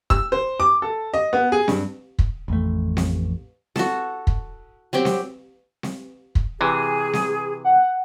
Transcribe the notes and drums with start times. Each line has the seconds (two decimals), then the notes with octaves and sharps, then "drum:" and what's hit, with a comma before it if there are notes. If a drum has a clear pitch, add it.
0.10 E6, drum: kick
0.32 C5
0.60 D6
0.82 A4
1.14 D#5
1.33 B3
1.52 G#4
1.68 G2, drum: snare C4
2.19 drum: kick
2.48 A1 F2 A3
2.97 drum: snare C4
3.76 F#4 A4, drum: snare C4
4.27 drum: kick
4.93 F#3 C4 G4 G5
5.05 drum: snare C4
5.83 drum: snare C4
6.35 drum: kick
6.61 C3 E3 G#4
7.13 drum: snare C4
7.64 F#5